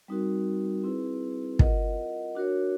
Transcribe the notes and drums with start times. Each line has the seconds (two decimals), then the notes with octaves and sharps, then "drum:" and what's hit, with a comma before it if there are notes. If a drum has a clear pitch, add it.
0.08 G3 C4 D#4 F#4 A#4
0.84 C4 E4 G#4 B4
1.59 F4 A#4 D#5 F#5, drum: kick
2.35 D4 F#4 A#4 C#5